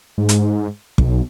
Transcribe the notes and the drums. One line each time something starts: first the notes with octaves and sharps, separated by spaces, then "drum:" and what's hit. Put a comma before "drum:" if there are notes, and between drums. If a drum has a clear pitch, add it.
G#2
drum: hi-hat
B1, drum: kick